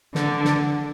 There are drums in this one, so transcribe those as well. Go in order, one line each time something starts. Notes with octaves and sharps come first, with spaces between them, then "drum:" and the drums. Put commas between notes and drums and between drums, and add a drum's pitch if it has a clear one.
D3, drum: snare
drum: snare